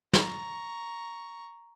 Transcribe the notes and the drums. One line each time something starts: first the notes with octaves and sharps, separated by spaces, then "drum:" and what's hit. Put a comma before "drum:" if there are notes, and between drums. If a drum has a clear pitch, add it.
A#5 C#6, drum: snare